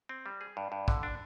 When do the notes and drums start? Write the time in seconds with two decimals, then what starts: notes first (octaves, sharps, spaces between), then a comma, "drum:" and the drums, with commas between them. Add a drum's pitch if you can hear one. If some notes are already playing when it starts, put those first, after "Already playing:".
0.09 C4
0.26 G3
0.41 G#4
0.57 G2
0.72 G2
0.88 D3, drum: kick
1.03 D4